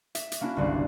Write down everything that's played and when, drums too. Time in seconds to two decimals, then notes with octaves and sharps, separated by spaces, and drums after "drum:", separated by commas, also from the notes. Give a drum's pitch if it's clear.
0.15 E5, drum: hi-hat
0.32 drum: hi-hat
0.41 A#3 C#4 D4 E4 F#4
0.57 G1 C2 D5 C7